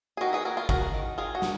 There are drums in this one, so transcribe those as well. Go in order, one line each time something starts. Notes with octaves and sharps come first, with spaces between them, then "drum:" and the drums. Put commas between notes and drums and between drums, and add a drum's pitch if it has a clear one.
G#4
D#3 F#4 A#4
G#4 B4
A#3 F#4 A#4
F4 G#4
C#4 F#4 A#4, drum: kick
D#3
D#3 F4 G#4
F#4
A#3, drum: snare